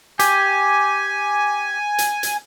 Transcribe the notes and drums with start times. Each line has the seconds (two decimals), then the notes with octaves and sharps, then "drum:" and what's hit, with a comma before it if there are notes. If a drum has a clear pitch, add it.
0.19 G4 G#5, drum: hi-hat
1.98 drum: hi-hat
2.23 drum: hi-hat